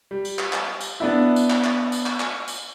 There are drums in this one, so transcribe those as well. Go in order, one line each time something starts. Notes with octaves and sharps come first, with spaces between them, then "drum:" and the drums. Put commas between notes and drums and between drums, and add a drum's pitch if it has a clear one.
G3
drum: tambourine
drum: clap
drum: clap
drum: tambourine
B3 D4 E4
drum: tambourine
drum: clap
drum: clap
drum: tambourine
drum: clap
drum: clap
drum: tambourine